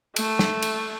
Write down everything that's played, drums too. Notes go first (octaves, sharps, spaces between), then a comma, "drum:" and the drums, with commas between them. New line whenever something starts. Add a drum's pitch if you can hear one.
A3, drum: cymbal
drum: snare
drum: cymbal